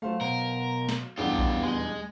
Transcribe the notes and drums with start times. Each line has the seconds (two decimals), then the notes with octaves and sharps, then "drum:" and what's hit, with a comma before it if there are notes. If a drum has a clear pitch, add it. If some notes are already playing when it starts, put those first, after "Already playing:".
0.02 F#3 A3 C5 F5
0.21 B2 A#4
0.89 drum: snare
1.18 D#1 E2 B3 D4 F4 G4
1.38 drum: kick A#1
1.63 G#3